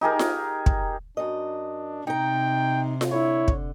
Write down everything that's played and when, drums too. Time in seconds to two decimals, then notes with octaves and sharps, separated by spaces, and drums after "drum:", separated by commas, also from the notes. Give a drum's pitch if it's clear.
0.01 D#4 G4 G#4 A#4
0.19 drum: snare F4
0.66 drum: kick
1.17 F#2 D4 D#5
2.07 C3 D#4 G5 A#5
3.01 drum: snare F4
3.12 D3 E4 C#5
3.48 drum: kick